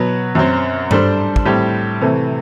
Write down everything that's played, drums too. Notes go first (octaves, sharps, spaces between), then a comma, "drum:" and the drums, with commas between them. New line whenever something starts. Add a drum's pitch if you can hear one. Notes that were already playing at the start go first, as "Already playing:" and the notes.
Already playing: B2 F#3 B3
F#2 F#3 C4
G3 D4 A4 C5, drum: tom G2
drum: kick
A2 G3 C4 G4
C3 E3 A3